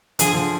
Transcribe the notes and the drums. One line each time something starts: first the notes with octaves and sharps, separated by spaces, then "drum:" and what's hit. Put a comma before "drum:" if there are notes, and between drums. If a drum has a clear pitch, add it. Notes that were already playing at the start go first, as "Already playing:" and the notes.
D3 F3 G#4, drum: hi-hat
D3 F3